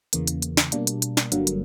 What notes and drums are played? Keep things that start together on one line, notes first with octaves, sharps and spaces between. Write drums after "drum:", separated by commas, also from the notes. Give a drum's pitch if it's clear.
E2 C#3 E3 A#3, drum: hi-hat
drum: hi-hat
drum: hi-hat
drum: snare
B2 G3 A#3 D4, drum: hi-hat
drum: hi-hat
drum: hi-hat
drum: snare
G1 G2 D3 F#3 A#3, drum: hi-hat
drum: hi-hat